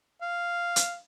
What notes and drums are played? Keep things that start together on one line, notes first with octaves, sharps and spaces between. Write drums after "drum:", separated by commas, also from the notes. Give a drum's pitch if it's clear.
F5
drum: hi-hat